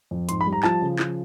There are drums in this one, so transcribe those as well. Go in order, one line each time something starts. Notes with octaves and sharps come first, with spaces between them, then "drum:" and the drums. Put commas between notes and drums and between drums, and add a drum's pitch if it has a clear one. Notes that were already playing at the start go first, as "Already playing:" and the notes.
F2
G#2 C6, drum: hi-hat
B5
G3
A#5
F3 A5, drum: clap
C#3
F3, drum: clap